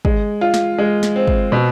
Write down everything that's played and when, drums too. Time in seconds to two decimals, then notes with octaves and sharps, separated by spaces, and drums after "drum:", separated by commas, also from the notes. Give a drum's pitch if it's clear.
0.05 G#3, drum: kick
0.41 F4
0.54 drum: snare
0.78 G#3
1.03 drum: snare
1.16 C4
1.27 drum: kick
1.52 B2